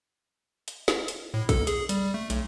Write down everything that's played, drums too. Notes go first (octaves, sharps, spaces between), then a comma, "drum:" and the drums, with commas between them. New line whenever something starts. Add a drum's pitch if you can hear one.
drum: hi-hat
drum: snare
drum: hi-hat
A2
A4, drum: kick, hi-hat
G#4, drum: hi-hat
G3, drum: hi-hat
A3
B1, drum: hi-hat